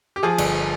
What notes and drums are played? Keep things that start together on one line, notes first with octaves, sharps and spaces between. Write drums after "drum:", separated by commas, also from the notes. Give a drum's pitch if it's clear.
G4
F3 G#4
G1, drum: cymbal